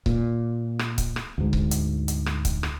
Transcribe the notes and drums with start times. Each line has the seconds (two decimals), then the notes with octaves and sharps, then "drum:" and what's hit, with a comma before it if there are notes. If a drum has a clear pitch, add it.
0.06 A#2, drum: kick C#1
0.79 drum: rim click
0.98 drum: kick C#1, hi-hat
1.16 drum: rim click
1.38 D2 G#2
1.53 drum: kick C#1
1.71 drum: hi-hat
2.08 drum: hi-hat
2.26 drum: rim click
2.45 drum: kick C#1, hi-hat
2.63 drum: rim click